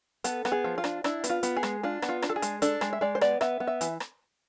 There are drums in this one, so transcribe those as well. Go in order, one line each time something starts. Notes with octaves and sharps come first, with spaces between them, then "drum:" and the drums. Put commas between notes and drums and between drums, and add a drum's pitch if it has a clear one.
B3 A4, drum: hi-hat
B3, drum: rim click
G#4
F3
F4
D4, drum: rim click
D4 E4, drum: rim click
B3, drum: hi-hat
F4
B3, drum: hi-hat
G#4
G#3, drum: rim click
D4 F4
B3, drum: rim click
F4
D4, drum: rim click
A4
G#4
G#3, drum: hi-hat
D4 A4, drum: hi-hat
G#3, drum: rim click
E5
G#3 D5
C5
B3 D5, drum: rim click
B3 E5, drum: rim click
B3
E5
E3, drum: hi-hat
drum: rim click